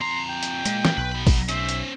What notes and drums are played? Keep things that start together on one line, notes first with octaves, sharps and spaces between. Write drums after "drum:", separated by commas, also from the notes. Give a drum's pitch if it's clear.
F2 A#5 C6
G5
drum: hi-hat
A#2 G#3, drum: hi-hat
drum: snare
B1 B4
F#3 B5
drum: kick, open hi-hat
C#4 C5 E5, drum: hi-hat
drum: hi-hat